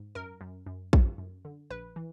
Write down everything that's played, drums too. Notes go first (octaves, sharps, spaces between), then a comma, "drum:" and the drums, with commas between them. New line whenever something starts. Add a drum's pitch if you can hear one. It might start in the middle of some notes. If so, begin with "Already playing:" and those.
Already playing: G#2
F#2 A#4
F#2
F#2
F#2, drum: kick A#1
F#2
D3
A#1 B4
E3